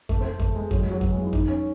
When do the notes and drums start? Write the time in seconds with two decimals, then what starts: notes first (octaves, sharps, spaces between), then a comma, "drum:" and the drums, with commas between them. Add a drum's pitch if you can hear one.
0.09 A3, drum: kick F2
0.20 C4
0.25 A3
0.40 A3, drum: kick F2
0.56 G#3
0.71 F#3, drum: kick F2
0.81 G#3
0.91 F#3
1.01 F#3, drum: kick F2
1.12 G#3
1.22 E4
1.33 D#4, drum: kick F2
1.48 C#4